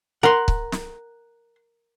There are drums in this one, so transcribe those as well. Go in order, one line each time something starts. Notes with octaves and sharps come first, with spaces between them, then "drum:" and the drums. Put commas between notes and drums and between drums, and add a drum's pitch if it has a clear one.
A#4 F#5 C6
drum: kick C#1
drum: snare